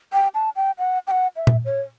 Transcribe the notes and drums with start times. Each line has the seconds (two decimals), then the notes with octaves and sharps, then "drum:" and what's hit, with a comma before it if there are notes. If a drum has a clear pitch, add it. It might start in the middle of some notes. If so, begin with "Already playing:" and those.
0.13 G5
0.34 A5
0.56 G5
0.78 F#5
1.07 G5
1.11 F#5
1.36 E5
1.47 drum: tom A#2
1.65 C#5